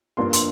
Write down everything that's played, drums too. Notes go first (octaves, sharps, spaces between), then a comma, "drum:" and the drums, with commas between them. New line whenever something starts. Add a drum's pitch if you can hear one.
G2 F3 A#3 D4 C6
C6, drum: hi-hat